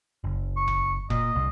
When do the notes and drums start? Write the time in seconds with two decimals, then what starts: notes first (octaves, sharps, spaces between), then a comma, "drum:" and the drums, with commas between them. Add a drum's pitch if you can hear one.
0.24 F#1
0.57 C#6
0.68 drum: kick F1
1.10 A#2 D#5, drum: kick F1
1.35 C2